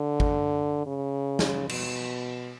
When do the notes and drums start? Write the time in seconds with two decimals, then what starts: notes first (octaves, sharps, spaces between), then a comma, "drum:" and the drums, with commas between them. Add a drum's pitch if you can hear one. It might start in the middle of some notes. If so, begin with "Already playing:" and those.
Already playing: D3
0.20 drum: kick
0.86 C#3
1.39 drum: snare
1.69 B2, drum: cymbal